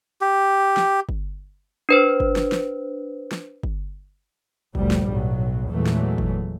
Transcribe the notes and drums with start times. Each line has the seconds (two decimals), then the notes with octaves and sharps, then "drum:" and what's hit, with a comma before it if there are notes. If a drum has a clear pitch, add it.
0.21 G4
0.77 drum: snare
1.09 drum: kick G1
1.89 D4 B4 C5
2.20 drum: kick G1
2.36 drum: snare
2.52 drum: snare
3.32 drum: snare
3.63 drum: kick G1
4.75 D2 G2 A#2 F3 G3, drum: kick G1
4.91 drum: snare
5.10 B1 A2 F#3
5.70 E2 A#2 E3 F#3 G#3 A3
5.86 drum: snare
6.18 drum: kick G1